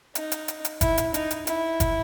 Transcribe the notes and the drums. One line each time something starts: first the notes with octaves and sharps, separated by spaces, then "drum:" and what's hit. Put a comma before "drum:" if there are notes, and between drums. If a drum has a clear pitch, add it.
D#4, drum: hi-hat
drum: hi-hat
drum: hi-hat
drum: hi-hat
E4, drum: kick F#1, hi-hat
drum: hi-hat
D#4, drum: hi-hat
drum: hi-hat
E4, drum: hi-hat
drum: kick F#1, hi-hat